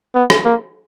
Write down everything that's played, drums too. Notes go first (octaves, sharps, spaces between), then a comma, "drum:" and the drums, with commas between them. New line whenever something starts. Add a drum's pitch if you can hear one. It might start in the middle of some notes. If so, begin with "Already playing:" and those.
B3
drum: rim click
A#3